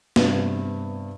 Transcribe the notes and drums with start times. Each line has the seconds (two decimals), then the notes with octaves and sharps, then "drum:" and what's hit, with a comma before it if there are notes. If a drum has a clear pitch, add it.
0.16 G2 C3 B3, drum: snare